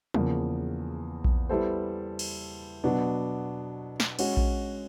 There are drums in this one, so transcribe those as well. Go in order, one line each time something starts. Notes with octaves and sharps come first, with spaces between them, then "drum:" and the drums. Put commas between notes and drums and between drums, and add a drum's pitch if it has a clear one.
E2 C#3 F3 A#3, drum: tom
drum: kick A#1
G3 B3 E4 A4 C5
drum: cymbal
B2 F#3 B3 D4
drum: snare
G#3 C#4 F#4, drum: cymbal
drum: kick A#1